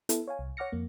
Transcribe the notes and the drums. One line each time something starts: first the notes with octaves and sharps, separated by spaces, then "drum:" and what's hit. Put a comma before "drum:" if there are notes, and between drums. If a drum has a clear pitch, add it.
B3 E4 A4, drum: hi-hat
C#5 F5 G#5
C2
C#5 F#5 D6 F6 A#6 C#7
F2 A#3